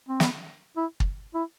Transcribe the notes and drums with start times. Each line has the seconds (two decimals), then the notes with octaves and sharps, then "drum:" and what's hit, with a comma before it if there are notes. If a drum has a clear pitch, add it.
0.09 C4
0.20 B3, drum: snare
0.77 E4
1.00 drum: kick
1.34 E4